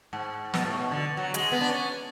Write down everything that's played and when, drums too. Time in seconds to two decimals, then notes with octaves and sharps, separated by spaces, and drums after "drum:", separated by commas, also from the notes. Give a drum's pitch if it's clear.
0.13 G#2
0.54 B2, drum: snare
0.65 A2
0.78 B2
0.91 D3
1.17 F#3
1.34 G#3, drum: hi-hat
1.52 B3
1.61 D4
1.69 C#4